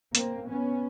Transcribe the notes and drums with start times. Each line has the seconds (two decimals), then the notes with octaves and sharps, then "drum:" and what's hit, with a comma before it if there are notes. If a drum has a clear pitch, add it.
0.15 A#3 C4, drum: hi-hat
0.49 B3 C#4